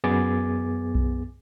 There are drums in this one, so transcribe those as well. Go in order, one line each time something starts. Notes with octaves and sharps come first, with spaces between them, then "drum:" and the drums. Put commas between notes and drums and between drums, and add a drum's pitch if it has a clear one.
F#2 B3 G#4 D6 G#6 A6
drum: kick B1